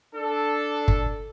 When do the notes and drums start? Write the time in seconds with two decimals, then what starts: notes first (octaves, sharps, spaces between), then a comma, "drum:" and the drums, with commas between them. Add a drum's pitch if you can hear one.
0.15 D4 A4
0.88 drum: kick